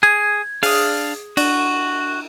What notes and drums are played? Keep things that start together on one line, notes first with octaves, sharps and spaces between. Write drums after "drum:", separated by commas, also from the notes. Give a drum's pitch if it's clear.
G#4 G#6
D4 G#4 F5 D#6, drum: open hi-hat
D4 F#4, drum: cymbal